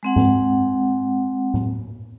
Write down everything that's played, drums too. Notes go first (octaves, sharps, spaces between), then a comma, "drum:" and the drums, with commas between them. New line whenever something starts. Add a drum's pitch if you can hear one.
G#3 C4 F#5
drum: tom G#2
drum: tom A2